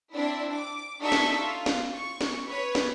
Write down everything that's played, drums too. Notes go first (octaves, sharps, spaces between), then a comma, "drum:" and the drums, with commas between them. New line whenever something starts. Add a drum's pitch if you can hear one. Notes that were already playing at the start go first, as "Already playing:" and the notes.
C4 D4 E4
D6
D4 D#4 F#4 A4 E5 C#6
drum: snare
F4
drum: snare
C#6
drum: snare
B4 C#5
drum: snare